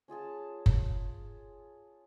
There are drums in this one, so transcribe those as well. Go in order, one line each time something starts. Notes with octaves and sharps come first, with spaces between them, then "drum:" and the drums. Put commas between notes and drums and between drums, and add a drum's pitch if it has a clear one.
C#4 F4 G#4 A5
drum: kick F#1